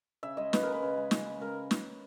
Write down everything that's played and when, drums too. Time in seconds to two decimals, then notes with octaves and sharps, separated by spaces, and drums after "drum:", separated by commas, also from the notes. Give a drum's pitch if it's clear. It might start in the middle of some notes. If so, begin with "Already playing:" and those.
0.23 C#3 E5
0.37 G#3 D#5
0.53 C#3 B4, drum: snare
0.63 G#3 A#4
0.72 B4
0.83 C#3
0.97 G#3
1.11 C#3, drum: snare
1.27 G#3
1.40 C#3 A#4
1.71 drum: snare